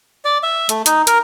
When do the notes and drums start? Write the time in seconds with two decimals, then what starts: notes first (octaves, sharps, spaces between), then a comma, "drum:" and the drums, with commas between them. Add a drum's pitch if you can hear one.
0.25 D5
0.43 E5
0.69 A3, drum: hi-hat
0.86 D#4, drum: hi-hat
1.07 A#4, drum: hi-hat